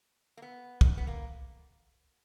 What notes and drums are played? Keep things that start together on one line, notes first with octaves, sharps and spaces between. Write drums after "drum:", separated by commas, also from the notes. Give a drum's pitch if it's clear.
A#3
B3
drum: kick
B3
A#3